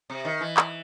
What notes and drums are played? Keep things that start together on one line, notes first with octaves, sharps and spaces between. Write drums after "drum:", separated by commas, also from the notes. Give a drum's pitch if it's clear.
C3
D#3
E3
drum: clap